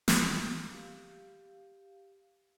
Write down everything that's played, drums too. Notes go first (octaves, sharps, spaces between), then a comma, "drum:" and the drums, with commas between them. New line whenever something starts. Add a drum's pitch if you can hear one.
drum: snare
G4 F5